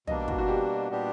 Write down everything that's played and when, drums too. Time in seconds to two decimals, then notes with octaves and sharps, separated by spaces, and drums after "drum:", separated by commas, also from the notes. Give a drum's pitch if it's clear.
0.07 B2 G3 A#3 D4 D#5, drum: tom
0.28 F#4, drum: kick
0.38 F#4
0.48 G4
0.90 A#2 G3 B3 D4 G4